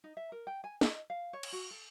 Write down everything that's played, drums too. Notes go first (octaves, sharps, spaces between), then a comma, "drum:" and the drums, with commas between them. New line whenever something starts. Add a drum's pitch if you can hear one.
D#4
E5
A#4
G5
G#5
D#5, drum: snare
F5
C#5
drum: cymbal
F#4
A4